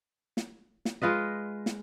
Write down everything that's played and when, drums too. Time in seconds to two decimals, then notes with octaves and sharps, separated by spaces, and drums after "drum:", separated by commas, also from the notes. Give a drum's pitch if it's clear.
0.37 drum: snare
0.85 drum: snare
1.02 G#3 F4 B4 D#5
1.66 drum: snare